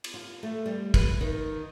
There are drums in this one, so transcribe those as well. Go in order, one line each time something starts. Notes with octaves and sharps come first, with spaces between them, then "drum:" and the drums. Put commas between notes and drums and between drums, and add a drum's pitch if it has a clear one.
drum: cymbal
F4
A3
G3
B4, drum: kick, cymbal
D#3